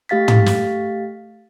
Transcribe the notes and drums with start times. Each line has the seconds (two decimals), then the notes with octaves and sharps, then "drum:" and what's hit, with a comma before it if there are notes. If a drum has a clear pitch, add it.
0.09 A3 G4 F5 A6 B6
0.28 drum: tom
0.46 drum: snare